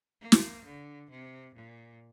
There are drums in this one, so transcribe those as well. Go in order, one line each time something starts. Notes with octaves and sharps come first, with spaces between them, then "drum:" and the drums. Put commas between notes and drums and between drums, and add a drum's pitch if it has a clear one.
A#3
drum: snare
D3
C3
A#2